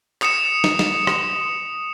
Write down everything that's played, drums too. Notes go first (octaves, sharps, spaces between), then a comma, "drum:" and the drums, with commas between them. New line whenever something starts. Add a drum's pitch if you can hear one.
D#6 C#7 E7, drum: clap
drum: snare
drum: snare
drum: rim click